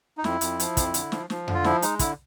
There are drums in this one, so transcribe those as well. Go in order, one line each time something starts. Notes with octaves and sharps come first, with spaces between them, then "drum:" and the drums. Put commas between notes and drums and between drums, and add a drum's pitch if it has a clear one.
D#4
F2 E4, drum: snare
F2, drum: hi-hat
F3, drum: hi-hat
F2, drum: kick, hi-hat
D3, drum: hi-hat
F3, drum: snare
F3, drum: snare
D3, drum: tom F2
F4
F3 E4, drum: snare
G#3 D#4, drum: hi-hat
D3 E4, drum: kick, hi-hat